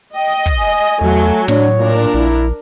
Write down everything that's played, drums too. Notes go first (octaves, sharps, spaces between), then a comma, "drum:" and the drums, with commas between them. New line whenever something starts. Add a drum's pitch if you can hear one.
D#5 G5
drum: kick
G#5
E2 F#3 A3
A2 D4 C#5, drum: snare
A#2 D4 A#4
A#1 E4